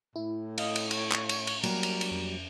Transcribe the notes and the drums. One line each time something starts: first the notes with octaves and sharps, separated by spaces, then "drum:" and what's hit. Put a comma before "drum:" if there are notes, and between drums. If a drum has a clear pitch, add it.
A2 E4
D#5 F5, drum: cymbal
drum: cymbal
C#5, drum: cymbal
drum: clap
drum: cymbal
drum: cymbal
F#3 G3 A#3 A#4, drum: cymbal
drum: cymbal
drum: cymbal
F2